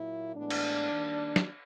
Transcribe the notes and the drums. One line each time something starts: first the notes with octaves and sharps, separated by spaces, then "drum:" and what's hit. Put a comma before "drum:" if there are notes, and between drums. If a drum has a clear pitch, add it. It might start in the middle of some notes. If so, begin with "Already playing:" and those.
Already playing: A#2 F#3 A#3 E4
A2 E3 G#3 B3 D4
drum: cymbal
D#3 G3 A#3
drum: snare